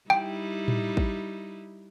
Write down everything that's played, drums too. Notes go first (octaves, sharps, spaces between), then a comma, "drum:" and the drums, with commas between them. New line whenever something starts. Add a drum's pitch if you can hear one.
G3 D#4 E4 G5
drum: tom A2
drum: kick